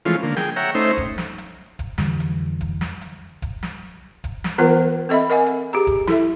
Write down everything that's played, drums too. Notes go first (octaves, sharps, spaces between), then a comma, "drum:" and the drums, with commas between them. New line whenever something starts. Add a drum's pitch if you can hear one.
E3 F3 G#3 A3 C#4 F4
D3 A#3
G#4 G5, drum: snare
C#5 E5 F#5 G5 A#5, drum: hi-hat
A3 C#4 D#4 C5 E5
drum: kick E1, hi-hat
drum: snare
drum: hi-hat
drum: kick E1, hi-hat
F2 D3 E3 G3, drum: snare
drum: hi-hat
drum: kick E1, hi-hat
drum: snare
drum: hi-hat
drum: kick E1, hi-hat
drum: snare
drum: kick E1, hi-hat
drum: snare
E3 B3 F4 A#4 C5 F#5
C4 A4 D#5 E5 B5
A#4 D#5 F#5 G#5
drum: hi-hat
G4 G#4 A#5
drum: kick E1, hi-hat
E4 A4 E5, drum: snare